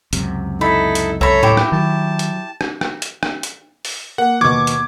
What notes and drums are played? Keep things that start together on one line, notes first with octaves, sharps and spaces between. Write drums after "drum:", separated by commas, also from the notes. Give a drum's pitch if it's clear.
C#2 F#2 C3, drum: hi-hat
D#4 E4 A4 B5
drum: hi-hat
C2 A4 C#5 E5 A#5 B5
A2 E4 G4
drum: rim click
D#3 F#3 A5
drum: hi-hat
drum: rim click
drum: rim click
drum: hi-hat
drum: rim click
drum: hi-hat
drum: open hi-hat
A#3 F#5
D#2 B2 C#6 D6 G#6
drum: hi-hat